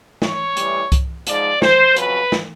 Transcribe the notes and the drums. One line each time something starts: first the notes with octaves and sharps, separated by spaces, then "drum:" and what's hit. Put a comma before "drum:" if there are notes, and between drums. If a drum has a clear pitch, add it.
C#5, drum: snare
A2 E3 G3, drum: hi-hat
drum: kick C2, hi-hat
G#2 F3 G#3 D5, drum: hi-hat
C5, drum: snare
F2 C#3 F#3 B4, drum: hi-hat
drum: snare